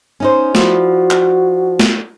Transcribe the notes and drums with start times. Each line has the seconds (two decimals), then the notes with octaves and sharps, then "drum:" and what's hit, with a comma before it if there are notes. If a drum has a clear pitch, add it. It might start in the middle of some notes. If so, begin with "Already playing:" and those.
0.20 C#4 D#4 C5
0.55 F3 E4 F#4 D5, drum: snare
1.10 drum: clap
1.80 drum: snare